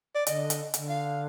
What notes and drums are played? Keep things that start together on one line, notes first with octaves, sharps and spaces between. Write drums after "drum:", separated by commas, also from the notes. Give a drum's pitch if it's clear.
D5
D3 D#5, drum: hi-hat
drum: hi-hat
D3, drum: hi-hat
F5